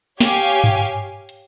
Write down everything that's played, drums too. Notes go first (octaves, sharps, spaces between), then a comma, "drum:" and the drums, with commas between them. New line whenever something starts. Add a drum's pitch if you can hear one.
G4 C#5 F5 G#5, drum: snare
drum: open hi-hat
drum: tom G2
drum: hi-hat
drum: hi-hat